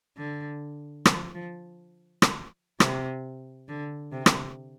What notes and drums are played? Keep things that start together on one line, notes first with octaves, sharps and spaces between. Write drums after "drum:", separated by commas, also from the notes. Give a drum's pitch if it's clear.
D3
F3, drum: rim click
F3
drum: rim click
C3, drum: rim click
D3
C3
drum: rim click